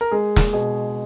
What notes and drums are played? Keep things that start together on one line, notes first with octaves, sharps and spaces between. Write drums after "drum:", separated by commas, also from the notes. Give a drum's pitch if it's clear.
A#4
G#3 G#4
drum: snare
B2 G#4